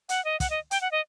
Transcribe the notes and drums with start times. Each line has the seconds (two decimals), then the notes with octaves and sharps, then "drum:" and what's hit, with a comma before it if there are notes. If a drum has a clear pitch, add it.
0.09 F#5, drum: hi-hat
0.25 D#5
0.40 F#5, drum: kick, hi-hat
0.50 D#5
0.71 G5, drum: hi-hat
0.81 F#5
0.92 D#5